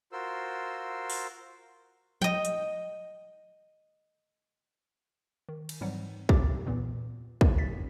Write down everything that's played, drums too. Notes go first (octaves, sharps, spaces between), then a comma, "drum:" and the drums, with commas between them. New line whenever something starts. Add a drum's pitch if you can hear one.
F4 F#4 A#4 C5 C6 E6
drum: open hi-hat
D#5 G5, drum: tom F3
drum: hi-hat
D#3
drum: cymbal
G#2 E3 F#3 G3 C4 F#5
C2 A#2 C4 G4 D6 A6, drum: kick
E2 A#2 E3 B3
drum: kick
G1 A6 B6